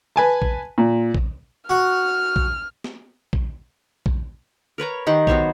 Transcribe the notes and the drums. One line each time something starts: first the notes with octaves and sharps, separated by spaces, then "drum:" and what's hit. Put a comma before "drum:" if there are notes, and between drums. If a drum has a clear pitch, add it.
B4 G#5 A5
drum: kick A#1
A#2
drum: kick A#1
F#4 F6
drum: kick A#1
drum: snare
drum: kick A#1
drum: kick A#1
A#4 B4 C#5 A#5
D#3 G4 F#5 C6
F#3 B3 C5 C#5, drum: kick A#1